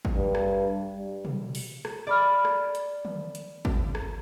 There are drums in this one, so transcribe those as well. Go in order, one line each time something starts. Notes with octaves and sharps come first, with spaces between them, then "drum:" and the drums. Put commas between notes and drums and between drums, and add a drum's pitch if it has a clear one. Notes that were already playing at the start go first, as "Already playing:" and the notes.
drum: kick G#1
G2
drum: rim click
G3
drum: tom
drum: open hi-hat
drum: rim click
D5 B5 F6
drum: rim click
drum: hi-hat
drum: tom
drum: hi-hat
drum: kick G#1
drum: rim click